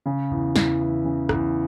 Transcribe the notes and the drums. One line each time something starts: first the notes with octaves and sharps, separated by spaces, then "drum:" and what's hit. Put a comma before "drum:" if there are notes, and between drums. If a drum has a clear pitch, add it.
C#3
E2
E2, drum: snare
E3
C#3
E2, drum: rim click